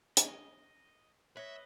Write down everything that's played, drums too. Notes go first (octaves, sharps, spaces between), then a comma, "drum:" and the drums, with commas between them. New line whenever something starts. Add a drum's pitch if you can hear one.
D#5, drum: hi-hat
B4 C#5 D#5 E5